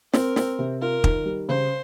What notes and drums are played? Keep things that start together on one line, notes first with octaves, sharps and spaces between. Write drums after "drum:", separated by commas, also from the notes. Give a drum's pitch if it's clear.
C4 A#4, drum: snare
C4, drum: snare
C3
F4 A#4
D#3, drum: kick
G3
C#3 C5